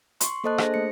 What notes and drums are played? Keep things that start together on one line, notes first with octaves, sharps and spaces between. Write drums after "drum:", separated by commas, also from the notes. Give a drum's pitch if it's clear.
C6 C#6, drum: hi-hat
A#3 A4 C5 D#5 A5 F#6
D4 G#4 C5 A#6, drum: rim click
A3 C#7